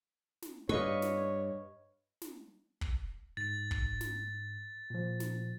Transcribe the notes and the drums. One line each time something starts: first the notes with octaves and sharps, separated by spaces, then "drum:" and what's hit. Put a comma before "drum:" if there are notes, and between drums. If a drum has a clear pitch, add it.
drum: snare
G2 B4 C#5 D#5 F5 C#6
drum: snare
drum: snare
drum: kick
G#2 A6
drum: kick
drum: snare
A#2 F3
drum: snare